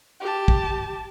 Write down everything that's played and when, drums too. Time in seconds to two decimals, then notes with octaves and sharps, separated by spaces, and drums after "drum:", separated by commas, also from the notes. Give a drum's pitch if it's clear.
0.21 G4 A5
0.48 drum: kick